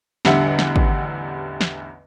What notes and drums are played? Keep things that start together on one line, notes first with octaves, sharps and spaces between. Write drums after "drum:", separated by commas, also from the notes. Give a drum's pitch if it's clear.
A1 E2 D3 G3 E5 F#5, drum: snare
drum: snare
drum: kick
drum: snare